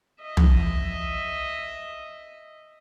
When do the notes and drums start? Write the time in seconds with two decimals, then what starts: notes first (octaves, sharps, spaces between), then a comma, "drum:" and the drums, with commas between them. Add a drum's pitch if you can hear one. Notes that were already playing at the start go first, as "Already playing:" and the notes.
0.22 D#5 E5
0.37 drum: tom